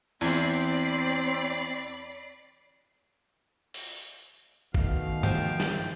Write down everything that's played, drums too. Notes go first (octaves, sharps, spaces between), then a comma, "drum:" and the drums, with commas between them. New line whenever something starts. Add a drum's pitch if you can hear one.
E2 C4 D5 B5 C7, drum: open hi-hat
drum: open hi-hat
B2 D#3 A3 F5, drum: kick
F3 G5, drum: tom G2
drum: snare